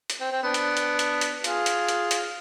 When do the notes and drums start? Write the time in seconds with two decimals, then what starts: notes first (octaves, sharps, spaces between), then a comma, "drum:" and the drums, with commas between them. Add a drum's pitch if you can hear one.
0.10 drum: hi-hat
0.21 C4
0.32 C4
0.43 B3 D4
0.54 drum: hi-hat
0.77 drum: hi-hat
0.99 drum: hi-hat
1.21 drum: hi-hat
1.44 F4 G#4, drum: hi-hat
1.66 drum: hi-hat
1.88 drum: hi-hat
2.11 drum: hi-hat